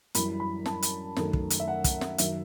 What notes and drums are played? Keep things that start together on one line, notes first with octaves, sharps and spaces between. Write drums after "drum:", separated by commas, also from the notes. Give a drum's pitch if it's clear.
F#2 E3 G3 B5, drum: hi-hat
B5
A5, drum: snare
drum: hi-hat
F#2 D#3 A3, drum: snare
drum: kick
drum: hi-hat
E5
F#5
drum: kick, hi-hat
drum: snare
F#2 D#3 F#3 E5, drum: hi-hat